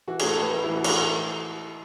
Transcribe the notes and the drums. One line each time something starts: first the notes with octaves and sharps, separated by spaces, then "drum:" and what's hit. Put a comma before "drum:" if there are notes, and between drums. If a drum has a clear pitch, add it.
E3 F#4
G#4, drum: cymbal
A2
A4
A2 B4
E3
E4
E3
F#4
A2 G#4, drum: cymbal
E3 A4